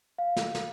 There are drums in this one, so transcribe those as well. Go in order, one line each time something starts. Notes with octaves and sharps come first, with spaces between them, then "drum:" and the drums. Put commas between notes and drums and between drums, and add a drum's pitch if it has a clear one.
F5
drum: snare
drum: snare